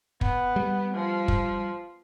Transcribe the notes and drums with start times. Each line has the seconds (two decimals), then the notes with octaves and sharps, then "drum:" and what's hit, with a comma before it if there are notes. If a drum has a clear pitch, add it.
0.21 B3, drum: kick
0.56 G3
0.94 F3
1.28 drum: kick